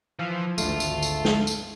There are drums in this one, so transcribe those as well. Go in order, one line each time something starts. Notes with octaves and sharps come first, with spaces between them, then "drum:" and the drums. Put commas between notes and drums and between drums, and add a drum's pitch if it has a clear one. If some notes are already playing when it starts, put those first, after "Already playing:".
E3 F3
G#1 D2 A3 F4, drum: tambourine
drum: tambourine
drum: tambourine
drum: snare
drum: tambourine